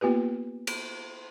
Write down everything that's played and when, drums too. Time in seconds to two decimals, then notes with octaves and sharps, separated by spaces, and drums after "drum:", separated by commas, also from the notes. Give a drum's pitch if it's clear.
0.01 A#3 B3 F4 G4 B4
0.67 drum: cymbal